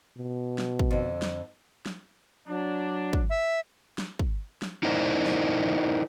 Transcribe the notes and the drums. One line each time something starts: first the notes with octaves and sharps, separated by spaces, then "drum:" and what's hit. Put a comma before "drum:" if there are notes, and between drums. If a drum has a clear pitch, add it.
B2
drum: snare
drum: kick
F2 D3
drum: snare
drum: snare
F#3 D4
drum: kick
E5
drum: snare
drum: kick
drum: snare
D#4 E4 A#4 C5 D5 D#5
drum: snare